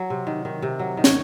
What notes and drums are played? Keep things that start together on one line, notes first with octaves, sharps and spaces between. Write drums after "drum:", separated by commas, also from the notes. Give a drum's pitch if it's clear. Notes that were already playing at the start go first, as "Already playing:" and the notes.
Already playing: F#3
C3
D#3
D#3
C3
F#3
D#3
C#5, drum: snare